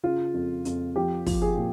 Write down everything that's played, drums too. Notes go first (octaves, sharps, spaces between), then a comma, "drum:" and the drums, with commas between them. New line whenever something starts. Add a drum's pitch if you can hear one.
C#3 F4
F2
F2, drum: hi-hat
F3 G4
F3, drum: kick, open hi-hat
G#4
A#2